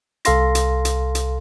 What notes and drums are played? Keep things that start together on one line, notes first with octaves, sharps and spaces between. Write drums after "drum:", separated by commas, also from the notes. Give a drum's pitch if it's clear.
C2 A4 F5 C6 A#6, drum: hi-hat
drum: hi-hat
drum: hi-hat
drum: hi-hat